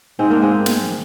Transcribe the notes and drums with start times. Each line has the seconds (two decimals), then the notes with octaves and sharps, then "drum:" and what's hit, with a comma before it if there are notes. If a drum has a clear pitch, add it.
0.19 G#2 G#3 C4
0.30 A#3 D4
0.42 G#3 C4
0.66 drum: snare